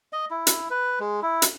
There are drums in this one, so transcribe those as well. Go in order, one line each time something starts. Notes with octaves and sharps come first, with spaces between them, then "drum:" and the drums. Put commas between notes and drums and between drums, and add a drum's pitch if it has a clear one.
D#5
E4
drum: hi-hat
B4
G#3
E4
drum: hi-hat